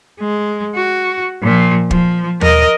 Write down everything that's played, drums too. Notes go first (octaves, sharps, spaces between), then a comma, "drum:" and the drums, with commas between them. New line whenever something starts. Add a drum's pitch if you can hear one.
G#3
F#4
A#2 F3
F3, drum: kick
A#4 D#5, drum: tom D#2